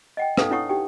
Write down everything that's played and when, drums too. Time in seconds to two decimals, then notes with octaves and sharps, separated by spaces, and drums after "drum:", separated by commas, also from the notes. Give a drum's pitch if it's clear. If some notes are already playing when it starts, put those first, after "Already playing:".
0.17 D#5 F#5 G5
0.37 D#4 A4 B4 F5 D#6, drum: rim click
0.50 D4 E4 C#5 F#5 C#6 D#6
0.69 D#4 G4 G5